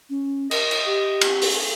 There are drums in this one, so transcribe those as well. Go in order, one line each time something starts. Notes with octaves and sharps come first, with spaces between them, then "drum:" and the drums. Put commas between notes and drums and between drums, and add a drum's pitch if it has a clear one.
C#4
A#4 D#5, drum: cymbal
drum: cymbal
G4
drum: cymbal
drum: open hi-hat